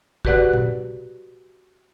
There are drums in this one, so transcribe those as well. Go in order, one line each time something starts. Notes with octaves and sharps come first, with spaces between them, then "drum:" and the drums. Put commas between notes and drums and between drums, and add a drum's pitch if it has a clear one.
F#4 G4 B4 D5 F#5 F#6, drum: kick
drum: tom A#2